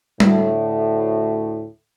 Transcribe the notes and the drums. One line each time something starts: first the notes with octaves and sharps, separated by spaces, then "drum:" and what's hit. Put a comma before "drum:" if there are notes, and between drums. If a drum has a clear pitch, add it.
D2 A2, drum: tom G3